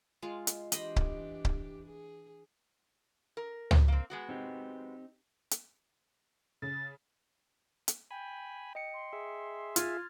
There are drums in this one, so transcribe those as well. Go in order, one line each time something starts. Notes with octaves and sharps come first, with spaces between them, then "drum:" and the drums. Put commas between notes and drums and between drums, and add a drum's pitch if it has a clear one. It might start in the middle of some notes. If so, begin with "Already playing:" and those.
G#3 F4 F5
drum: hi-hat
E3 D4 G4 C5 D#5 B5, drum: hi-hat
drum: kick C#1
drum: kick C#1
G#4
A#4
drum: tom C#2
A#3 C4
G#3 B3 F#4
C4 D#4 G4
drum: hi-hat
C#3 A6
drum: hi-hat
G5 G#5 B5
D#5 G5 C#7
C6
G#4 E5
F4 F6 G#6 A6, drum: hi-hat